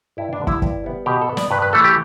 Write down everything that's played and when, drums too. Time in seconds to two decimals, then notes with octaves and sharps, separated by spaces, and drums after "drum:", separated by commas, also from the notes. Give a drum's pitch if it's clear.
0.17 G2 E4
0.33 D4
0.40 D3 G3 B3
0.47 E4, drum: kick
0.62 G2, drum: kick
0.84 G3 B3
1.06 B2 G4
1.22 A4
1.30 B3
1.37 D5, drum: snare
1.51 G2 B4
1.62 B4
1.73 E3 A3 A4
1.84 G4